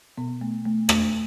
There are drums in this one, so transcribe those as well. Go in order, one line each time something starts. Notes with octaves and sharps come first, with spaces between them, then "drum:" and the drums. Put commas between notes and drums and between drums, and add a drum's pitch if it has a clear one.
B2 B3
A3
A3
A3, drum: rim click